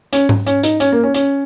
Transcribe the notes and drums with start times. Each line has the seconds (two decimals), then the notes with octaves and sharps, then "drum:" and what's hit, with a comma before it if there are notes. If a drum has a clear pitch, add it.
0.13 C#4, drum: hi-hat
0.29 drum: tom G#2
0.46 C#4, drum: hi-hat
0.63 D#4, drum: hi-hat
0.80 C#4, drum: hi-hat
0.92 A#3
1.04 C#4
1.14 C#4, drum: hi-hat